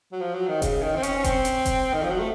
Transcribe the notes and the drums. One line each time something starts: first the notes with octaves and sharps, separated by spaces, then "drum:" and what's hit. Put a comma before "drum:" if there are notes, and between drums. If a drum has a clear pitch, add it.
F#3
F3
F#3
D#3
C#3, drum: kick F1, hi-hat
D#3
C4
C#4, drum: hi-hat
C#4
C4, drum: kick F1, hi-hat
drum: hi-hat
drum: kick F1, hi-hat
D#3
F3
F#3
A3